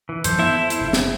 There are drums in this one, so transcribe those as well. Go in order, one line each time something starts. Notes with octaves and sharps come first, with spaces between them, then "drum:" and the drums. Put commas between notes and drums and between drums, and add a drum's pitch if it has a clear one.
E3
F#2 E3 F3 A4 C5, drum: hi-hat
B3 E4
drum: hi-hat
F#1 C#3
drum: snare